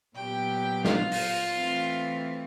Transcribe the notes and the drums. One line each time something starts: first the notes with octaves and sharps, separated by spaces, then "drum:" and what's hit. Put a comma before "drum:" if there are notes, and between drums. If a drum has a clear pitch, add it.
A#2 F#3 B3 G4 G5
F4 F5, drum: snare
drum: open hi-hat
E3 A3 C4